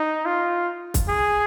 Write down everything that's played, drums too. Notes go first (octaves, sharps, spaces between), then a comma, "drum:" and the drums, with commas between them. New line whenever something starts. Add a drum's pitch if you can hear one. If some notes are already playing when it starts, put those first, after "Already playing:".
Already playing: D#4
F4
drum: kick, hi-hat
G#4